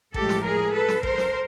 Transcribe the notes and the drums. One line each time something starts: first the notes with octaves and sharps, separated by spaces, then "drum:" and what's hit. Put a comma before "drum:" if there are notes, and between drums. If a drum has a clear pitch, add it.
A2 F3 G#3 G4 A4, drum: kick A1
drum: snare
G#4 A#4
A4 B4
drum: snare
A#4 C5, drum: kick A1
drum: snare